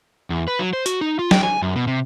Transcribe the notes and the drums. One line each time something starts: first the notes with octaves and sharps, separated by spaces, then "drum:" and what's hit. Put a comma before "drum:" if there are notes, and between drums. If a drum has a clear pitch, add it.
E2
B4
F#3
C5
F#4, drum: hi-hat
D#4
F4
G5, drum: snare
G#5
F#2
B2
C3